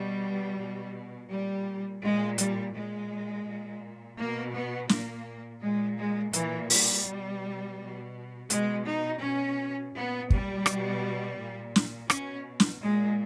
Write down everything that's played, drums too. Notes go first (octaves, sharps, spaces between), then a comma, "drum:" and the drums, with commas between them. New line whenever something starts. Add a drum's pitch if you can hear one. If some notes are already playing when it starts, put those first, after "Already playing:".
Already playing: B2 G3
B2
A#2 G3
A#2 G#3
G3, drum: hi-hat
A#2 G#3
A#2
B2 A#3
B3
A#2 A#3, drum: snare
A#2 G#3
G#3
A#2 E3, drum: hi-hat
G3, drum: open hi-hat
B2
B2
B2 G#3, drum: hi-hat
D#4
B2 C#4
A#2 B3
G3, drum: kick
B2, drum: rim click
A#2
drum: snare
B2 C#4, drum: rim click
drum: snare
A#2 G#3